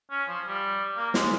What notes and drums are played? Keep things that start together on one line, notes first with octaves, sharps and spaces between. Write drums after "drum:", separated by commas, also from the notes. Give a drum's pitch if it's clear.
C#4
F3
G3
A#3
G#3, drum: snare